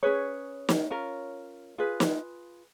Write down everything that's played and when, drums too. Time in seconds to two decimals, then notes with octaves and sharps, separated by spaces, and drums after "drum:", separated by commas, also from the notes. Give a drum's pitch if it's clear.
0.03 C#4 G#4 B4 C#5
0.69 drum: snare
0.90 C#4 F4 A#4
1.78 F4 G#4 B4
2.00 drum: snare